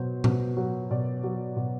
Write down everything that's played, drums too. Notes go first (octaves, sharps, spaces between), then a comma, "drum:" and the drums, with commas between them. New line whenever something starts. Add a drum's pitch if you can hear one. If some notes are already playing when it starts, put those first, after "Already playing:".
Already playing: B2 F#3 C5
B2, drum: tom A2
F#3
B2 D5
F#3
B2